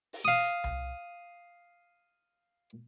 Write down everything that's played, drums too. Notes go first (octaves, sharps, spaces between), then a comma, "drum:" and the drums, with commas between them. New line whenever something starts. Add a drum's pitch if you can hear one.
drum: open hi-hat
F5 D#6
drum: tom C2